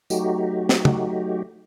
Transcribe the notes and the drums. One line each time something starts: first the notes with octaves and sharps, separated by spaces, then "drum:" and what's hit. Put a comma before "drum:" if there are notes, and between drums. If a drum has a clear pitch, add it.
F#3 A3 D#4 F#4 G4, drum: tambourine
drum: snare
drum: tom